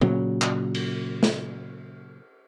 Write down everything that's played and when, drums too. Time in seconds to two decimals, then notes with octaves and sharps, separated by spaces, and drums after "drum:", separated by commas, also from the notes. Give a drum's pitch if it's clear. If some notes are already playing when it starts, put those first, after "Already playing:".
0.01 A#2 C#3 F#3, drum: tom C#3
0.42 drum: clap
0.75 drum: cymbal
1.23 drum: snare